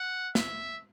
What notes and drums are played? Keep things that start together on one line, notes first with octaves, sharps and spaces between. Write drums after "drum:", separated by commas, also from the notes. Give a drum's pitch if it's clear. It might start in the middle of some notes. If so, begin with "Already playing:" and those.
Already playing: F#5
E5, drum: snare